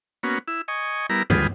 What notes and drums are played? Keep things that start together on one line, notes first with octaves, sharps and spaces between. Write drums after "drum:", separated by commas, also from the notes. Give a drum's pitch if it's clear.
A#3 B3 C#4 F#4
E4 E6
D#5 G#5 C#6
G3 B3 E4 A#4 A#5
D2 G3 F4 G#4 B4 D#6, drum: tom G2